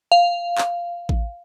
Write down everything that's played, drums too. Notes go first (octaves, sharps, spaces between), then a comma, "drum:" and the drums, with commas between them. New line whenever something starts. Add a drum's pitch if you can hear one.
F5
drum: clap
drum: kick A1